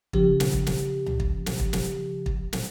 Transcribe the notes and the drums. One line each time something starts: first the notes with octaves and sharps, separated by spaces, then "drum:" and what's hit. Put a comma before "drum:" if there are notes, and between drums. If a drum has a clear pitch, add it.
C#3 F3 G4, drum: kick
drum: snare
drum: kick
drum: snare
drum: tom C#2
drum: kick
drum: snare
drum: kick
drum: snare
drum: kick
drum: snare